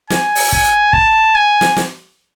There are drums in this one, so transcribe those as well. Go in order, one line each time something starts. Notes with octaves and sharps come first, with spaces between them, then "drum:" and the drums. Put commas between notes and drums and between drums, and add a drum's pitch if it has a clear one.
G#5, drum: snare
drum: open hi-hat
G#5, drum: kick
A5, drum: kick
G#5
drum: snare
drum: snare